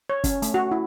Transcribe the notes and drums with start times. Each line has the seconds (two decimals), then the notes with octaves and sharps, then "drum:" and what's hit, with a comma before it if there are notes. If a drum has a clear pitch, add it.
0.09 C#5
0.24 C#4, drum: kick, hi-hat
0.42 A3, drum: hi-hat
0.54 F#4
0.71 E4